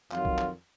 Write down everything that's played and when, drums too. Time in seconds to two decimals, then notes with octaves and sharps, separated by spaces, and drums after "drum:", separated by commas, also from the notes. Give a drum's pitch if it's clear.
0.11 F2 D#3 F#3 F4, drum: clap
0.25 drum: kick B1
0.38 drum: clap